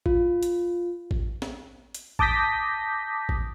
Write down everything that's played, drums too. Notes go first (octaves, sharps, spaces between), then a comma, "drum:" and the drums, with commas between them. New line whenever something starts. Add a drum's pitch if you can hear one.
F4, drum: kick A1
drum: hi-hat
drum: kick A1
drum: snare
drum: hi-hat
A5 D6 D#6 G6 A#6 B6, drum: kick A1
drum: kick A1